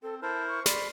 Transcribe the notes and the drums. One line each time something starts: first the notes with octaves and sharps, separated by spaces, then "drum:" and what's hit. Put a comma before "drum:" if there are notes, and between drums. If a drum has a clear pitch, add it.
C4 A4
E4 A#4 C5 A5
C#6
D5 B5 C6, drum: snare